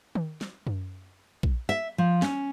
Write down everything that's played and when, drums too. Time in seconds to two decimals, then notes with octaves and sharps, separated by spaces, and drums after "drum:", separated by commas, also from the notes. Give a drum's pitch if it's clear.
0.15 drum: tom D#3
0.41 drum: snare
0.67 drum: tom F#2
1.43 drum: kick A#1
1.69 E5
1.98 F3
2.22 C#4, drum: snare